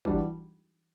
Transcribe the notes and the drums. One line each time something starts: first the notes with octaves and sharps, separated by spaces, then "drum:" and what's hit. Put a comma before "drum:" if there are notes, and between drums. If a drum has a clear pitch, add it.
E3 G3 D4 F#4, drum: kick